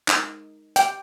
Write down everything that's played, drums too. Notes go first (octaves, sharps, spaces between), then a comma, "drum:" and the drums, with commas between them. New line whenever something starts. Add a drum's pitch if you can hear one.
D#4, drum: clap
G5, drum: hi-hat